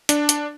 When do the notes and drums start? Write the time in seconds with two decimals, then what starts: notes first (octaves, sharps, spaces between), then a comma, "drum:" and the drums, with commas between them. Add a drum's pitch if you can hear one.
0.09 D4, drum: hi-hat
0.29 drum: hi-hat